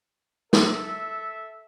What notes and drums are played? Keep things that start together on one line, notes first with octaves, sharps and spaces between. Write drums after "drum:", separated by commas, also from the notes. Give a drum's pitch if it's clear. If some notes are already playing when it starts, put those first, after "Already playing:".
A4 E5, drum: snare